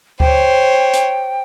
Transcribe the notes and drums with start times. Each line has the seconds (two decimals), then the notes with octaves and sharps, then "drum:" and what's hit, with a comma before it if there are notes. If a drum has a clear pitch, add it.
0.20 C5 C#5 G5, drum: kick D2
0.93 drum: hi-hat